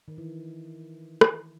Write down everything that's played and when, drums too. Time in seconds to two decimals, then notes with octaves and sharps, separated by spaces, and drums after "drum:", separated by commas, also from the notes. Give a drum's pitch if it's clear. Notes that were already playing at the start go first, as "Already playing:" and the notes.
0.08 D#3
0.18 E3
1.21 drum: rim click